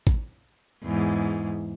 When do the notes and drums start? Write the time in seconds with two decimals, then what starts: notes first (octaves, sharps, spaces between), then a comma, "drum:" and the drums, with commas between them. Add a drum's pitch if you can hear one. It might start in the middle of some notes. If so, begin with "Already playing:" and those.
0.07 drum: kick A1
0.83 E2 G#2